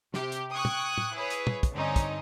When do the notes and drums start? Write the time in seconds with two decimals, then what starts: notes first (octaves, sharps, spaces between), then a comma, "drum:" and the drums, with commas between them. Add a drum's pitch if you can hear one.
0.14 C3 G4, drum: snare
0.32 drum: hi-hat
0.52 G5 C#6 D#6 F#6 G#6
0.65 drum: tom
0.98 drum: tom
1.14 E4 G#4 B4 C#5
1.30 drum: hi-hat
1.47 drum: tom
1.63 drum: kick, hi-hat
1.73 G2 D3 C4 C#4 D#4
1.96 drum: kick, hi-hat